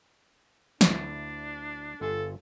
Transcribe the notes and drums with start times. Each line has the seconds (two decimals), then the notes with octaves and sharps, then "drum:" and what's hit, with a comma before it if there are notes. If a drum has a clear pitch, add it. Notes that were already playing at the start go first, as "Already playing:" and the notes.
0.81 D2 D4 E4, drum: snare
2.01 G1 F4 A4 G#5